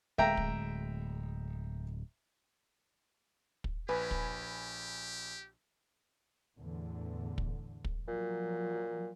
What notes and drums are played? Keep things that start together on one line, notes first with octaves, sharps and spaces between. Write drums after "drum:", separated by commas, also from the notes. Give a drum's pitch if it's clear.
D1 G#3 E5 G5 A#5
drum: kick
drum: kick
A#1 G4 B4 G#5 B5
drum: kick
E2 A2 D3
drum: kick
drum: kick
A#2 F3 F#3